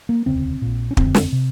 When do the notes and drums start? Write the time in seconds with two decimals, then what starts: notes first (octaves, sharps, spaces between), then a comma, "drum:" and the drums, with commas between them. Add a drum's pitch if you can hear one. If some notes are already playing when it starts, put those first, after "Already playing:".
0.09 A#3
0.26 E1 D2 C#3 C4
0.62 A#1 A#2
0.91 C#4
0.97 F#1 F2 D3 C4, drum: kick
1.15 drum: snare
1.32 C3